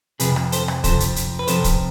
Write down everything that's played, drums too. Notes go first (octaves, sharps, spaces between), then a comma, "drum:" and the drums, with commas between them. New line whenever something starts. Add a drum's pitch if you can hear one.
F2 C3 F3 G#4 B4, drum: hi-hat
drum: rim click
A4 C5, drum: hi-hat
drum: rim click
F2 C3 F3 A4 C5, drum: kick, hi-hat
drum: hi-hat
drum: hi-hat
B4
F2 C3 F3 A4 C5, drum: hi-hat
drum: kick, hi-hat